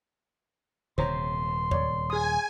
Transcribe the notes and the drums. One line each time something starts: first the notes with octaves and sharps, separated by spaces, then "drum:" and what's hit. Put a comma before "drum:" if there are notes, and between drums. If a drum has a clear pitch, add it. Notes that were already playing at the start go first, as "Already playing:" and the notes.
D#1 C3 C5 C#5 A#5 C6, drum: tom D3
C#5 D5, drum: tom E2
G#4 G#5 D#6